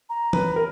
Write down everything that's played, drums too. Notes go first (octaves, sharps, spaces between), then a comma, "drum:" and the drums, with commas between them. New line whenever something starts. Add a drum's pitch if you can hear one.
A#5
B4, drum: tom
A#4